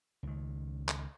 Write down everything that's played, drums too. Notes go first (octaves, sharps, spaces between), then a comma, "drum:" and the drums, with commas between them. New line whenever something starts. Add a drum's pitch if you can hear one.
C#2 D#3
drum: clap